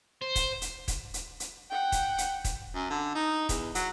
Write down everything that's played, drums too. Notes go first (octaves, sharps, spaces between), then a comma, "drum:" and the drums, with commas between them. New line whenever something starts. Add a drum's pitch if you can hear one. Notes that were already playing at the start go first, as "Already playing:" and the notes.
C5
drum: kick, hi-hat
drum: hi-hat
drum: kick, hi-hat
drum: hi-hat
drum: hi-hat
F#5 G5
drum: kick, hi-hat
drum: hi-hat
drum: kick, hi-hat
F#2
D3
D#4
E2, drum: kick, hi-hat
F#3, drum: hi-hat